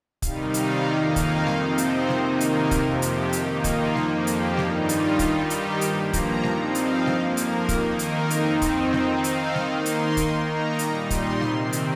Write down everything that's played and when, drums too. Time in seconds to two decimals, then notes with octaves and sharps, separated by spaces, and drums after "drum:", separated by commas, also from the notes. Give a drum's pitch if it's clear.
0.22 C3 D#3 G3 D#4 F5, drum: kick, hi-hat
0.54 F5, drum: hi-hat
0.84 F2 D#3 A#3 D#4 G5
1.16 F5, drum: kick, hi-hat
1.47 C3 F3 C4 D#4 D#5, drum: snare
1.78 C5, drum: hi-hat
2.09 C3 D#3 A#3 D#4, drum: snare
2.40 A#4, drum: hi-hat
2.71 F2 C3 F3 G4, drum: kick, hi-hat
3.02 G4, drum: hi-hat
3.33 D#3 A#3 D#4, drum: hi-hat
3.64 F4, drum: kick, hi-hat
3.95 F2 F3 A#3, drum: snare
4.27 G4, drum: hi-hat
4.57 G2 D#3 G3 D#4 F4, drum: snare
4.89 F4, drum: hi-hat
5.19 D#3 G3 D#4 G4, drum: kick, hi-hat
5.50 G4, drum: hi-hat
5.81 G2 F3 A#3, drum: hi-hat
6.13 A#5, drum: kick, hi-hat
6.43 G2 F3 C4 D#4 F5, drum: snare
6.75 F5, drum: hi-hat
7.06 F2 F3 A#3 D#5, drum: snare
7.37 A#4, drum: hi-hat
7.69 D#3 A#3 D#4 G4, drum: kick, hi-hat
7.99 A#4, drum: hi-hat
8.30 F2 D#3 C4 D#4, drum: hi-hat
8.62 drum: kick, hi-hat
8.93 D#3 C4 D#4 C5, drum: snare
9.24 F5, drum: hi-hat
9.55 D#3 A#3 D#4 C6, drum: snare
9.86 C6, drum: hi-hat
10.17 D#3 A#3 D#4 A#5, drum: kick, hi-hat
10.48 A#5
10.79 A#2 G3 D#4, drum: hi-hat
11.10 C6, drum: kick, hi-hat
11.41 C3 D#3 C4, drum: snare
11.73 drum: hi-hat